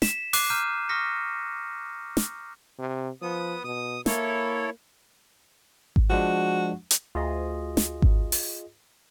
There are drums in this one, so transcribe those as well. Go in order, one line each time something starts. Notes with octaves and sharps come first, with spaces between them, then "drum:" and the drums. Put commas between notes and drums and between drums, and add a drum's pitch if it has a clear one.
B6 E7, drum: snare
D6 F#6 C7 D#7, drum: open hi-hat
A#5 F6 G6 D#7
C#6 D#6 F6 A#6 B6 C#7
drum: snare
C3
F3 B3 D#6
B2 D#6
A#3 E4 A4 C#5, drum: snare
drum: kick G#1
F3 G#3 D4 F#4
drum: hi-hat
D2 F4 G#4 D#5
drum: snare
drum: kick G#1
drum: open hi-hat